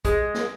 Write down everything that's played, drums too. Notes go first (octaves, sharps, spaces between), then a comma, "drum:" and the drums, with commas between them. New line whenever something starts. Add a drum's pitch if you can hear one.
G#3, drum: kick, hi-hat
drum: snare